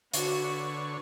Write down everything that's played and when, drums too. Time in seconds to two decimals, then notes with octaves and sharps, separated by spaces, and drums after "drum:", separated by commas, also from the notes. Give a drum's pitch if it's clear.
0.14 D3 F#4 B4 C#5, drum: hi-hat